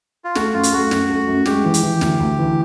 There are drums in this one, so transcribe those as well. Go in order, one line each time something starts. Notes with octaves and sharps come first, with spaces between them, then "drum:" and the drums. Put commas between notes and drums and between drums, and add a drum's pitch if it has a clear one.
F4
A3 F#4, drum: snare
F#2 F4
drum: hi-hat
A3 F#4
F#2, drum: snare
A3
F#2
G#3 G4, drum: snare
E3
drum: hi-hat
E3
D2, drum: snare
D2
E3